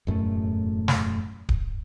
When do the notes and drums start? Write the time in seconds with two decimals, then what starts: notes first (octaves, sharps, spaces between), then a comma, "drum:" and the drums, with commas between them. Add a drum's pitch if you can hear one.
0.07 E1 F#2 A2 A3
0.88 drum: snare
1.49 drum: kick D1